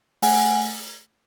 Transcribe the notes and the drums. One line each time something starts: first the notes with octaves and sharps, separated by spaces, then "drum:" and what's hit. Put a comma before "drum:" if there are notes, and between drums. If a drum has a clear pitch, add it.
A3 F#5 G#5, drum: open hi-hat